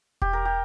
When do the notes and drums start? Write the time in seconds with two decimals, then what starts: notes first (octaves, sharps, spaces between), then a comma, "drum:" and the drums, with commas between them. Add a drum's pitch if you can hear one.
0.22 G4, drum: kick E1
0.33 A#4
0.45 G4